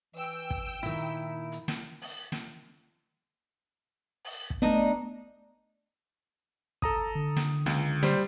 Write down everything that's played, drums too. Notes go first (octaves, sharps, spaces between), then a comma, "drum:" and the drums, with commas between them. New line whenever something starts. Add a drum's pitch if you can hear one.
E3 G5 E6
drum: kick
A#2 D#3 D#4 E4
drum: hi-hat
drum: snare
drum: open hi-hat
drum: snare
drum: open hi-hat
drum: kick
A3 B3 D4 D#4
A4 A#5 D#6, drum: kick
D3
drum: snare
C#2, drum: snare
G3 C5 C6, drum: snare